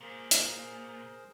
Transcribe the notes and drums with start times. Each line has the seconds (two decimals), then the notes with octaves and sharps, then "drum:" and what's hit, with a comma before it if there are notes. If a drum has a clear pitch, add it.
0.01 A#2 G#4 A#4 C5
0.31 drum: hi-hat